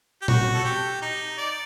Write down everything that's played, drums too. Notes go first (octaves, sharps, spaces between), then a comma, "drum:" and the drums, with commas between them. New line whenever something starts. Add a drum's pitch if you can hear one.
G4
F#4, drum: tom A#2
A4
G4
D#4
D5